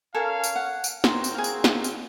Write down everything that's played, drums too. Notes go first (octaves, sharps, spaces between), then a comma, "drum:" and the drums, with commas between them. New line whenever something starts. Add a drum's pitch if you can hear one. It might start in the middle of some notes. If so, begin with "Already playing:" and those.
C#4 A4 A#4 F5 G#5
drum: tambourine
F#5
drum: tambourine
C4 F#4 A#4 C5 A#5, drum: snare
drum: tambourine
G#4 F5
drum: tambourine
drum: snare
drum: tambourine